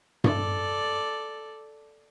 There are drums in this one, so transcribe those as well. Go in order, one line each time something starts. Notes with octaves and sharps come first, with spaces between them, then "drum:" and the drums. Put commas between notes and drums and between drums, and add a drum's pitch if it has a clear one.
A4 D5, drum: tom G2